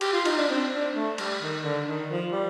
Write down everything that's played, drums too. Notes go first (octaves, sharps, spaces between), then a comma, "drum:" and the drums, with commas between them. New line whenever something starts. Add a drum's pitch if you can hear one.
G4, drum: cymbal
F4
D#4, drum: cymbal
D4
C4
D4
A3
G3, drum: cymbal
D#3
D3
D#3
F3
G3